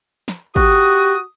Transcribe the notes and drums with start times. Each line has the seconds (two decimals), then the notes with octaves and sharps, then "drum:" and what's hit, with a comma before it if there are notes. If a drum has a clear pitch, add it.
0.28 drum: snare
0.56 F#4 G4 D#6, drum: kick